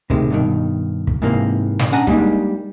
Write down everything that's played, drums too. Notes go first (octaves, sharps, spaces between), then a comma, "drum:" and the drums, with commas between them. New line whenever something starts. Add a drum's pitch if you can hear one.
A2 C3 D#3 G#3, drum: kick
G2 B2 D#3
drum: kick
G#2 C3 E3 A#3
drum: snare
C#4 D4 F#5 G#5 A#5
G3 G#3 A#3 D4 D#4, drum: kick